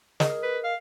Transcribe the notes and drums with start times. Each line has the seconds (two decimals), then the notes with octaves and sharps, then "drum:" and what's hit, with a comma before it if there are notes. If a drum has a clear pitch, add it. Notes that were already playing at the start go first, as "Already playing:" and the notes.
0.20 G#4 A#4 D#5, drum: snare
0.43 B4
0.64 F5